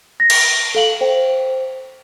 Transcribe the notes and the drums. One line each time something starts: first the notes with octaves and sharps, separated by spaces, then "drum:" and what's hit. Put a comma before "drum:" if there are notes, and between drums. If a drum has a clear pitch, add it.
A#6
drum: cymbal
A4 F5 F#7
C5 G5